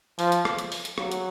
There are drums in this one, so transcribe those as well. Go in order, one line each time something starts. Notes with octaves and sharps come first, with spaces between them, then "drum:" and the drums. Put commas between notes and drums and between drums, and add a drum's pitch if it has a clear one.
F3, drum: open hi-hat
drum: hi-hat
drum: rim click
drum: hi-hat
drum: open hi-hat
drum: hi-hat
F#3, drum: rim click
drum: hi-hat